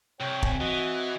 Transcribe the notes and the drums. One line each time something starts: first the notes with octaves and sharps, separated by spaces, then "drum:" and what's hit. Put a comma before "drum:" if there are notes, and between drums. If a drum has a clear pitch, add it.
C2 C#5 G5
C4 G#5, drum: kick
E3 F#4 D#5 F#5